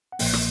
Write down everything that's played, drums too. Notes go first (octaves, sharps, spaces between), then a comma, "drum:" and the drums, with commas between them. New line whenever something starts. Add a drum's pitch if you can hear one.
F#5
B1 A#2 F3 A#3 G5, drum: open hi-hat
drum: rim click